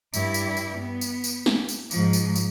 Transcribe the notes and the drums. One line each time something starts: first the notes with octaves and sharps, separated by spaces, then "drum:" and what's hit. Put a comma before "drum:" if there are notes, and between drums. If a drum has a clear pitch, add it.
G2 E4, drum: tambourine
drum: tambourine
drum: tambourine
B3
drum: tambourine
drum: tambourine
drum: snare
drum: tambourine
G#2 F3, drum: tambourine
drum: tambourine
drum: tambourine